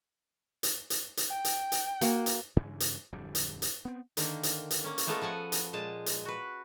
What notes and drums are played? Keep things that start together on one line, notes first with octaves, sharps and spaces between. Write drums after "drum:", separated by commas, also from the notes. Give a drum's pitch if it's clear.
drum: hi-hat
drum: hi-hat
drum: hi-hat
G5
drum: hi-hat
drum: hi-hat
A#3 F#4, drum: hi-hat
drum: hi-hat
G2 C#3 E3 G#3
drum: hi-hat
D1 F2 D3 G3
drum: hi-hat
drum: hi-hat
B3 C4
D3 D#3 A#3, drum: hi-hat
drum: hi-hat
drum: hi-hat
A#3 C#4
drum: hi-hat
G#3 A3 B3 F4 A4 A#4
F3 A4 F#5 G#5
drum: hi-hat
A#2 G#3 A5
drum: hi-hat
F#4 B4